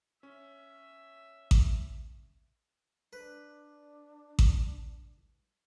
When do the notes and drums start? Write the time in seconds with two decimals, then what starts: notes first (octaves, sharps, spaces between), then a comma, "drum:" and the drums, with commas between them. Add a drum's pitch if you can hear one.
0.23 C#4 E5
1.51 drum: kick A1
3.13 D4 B4
4.39 drum: kick A1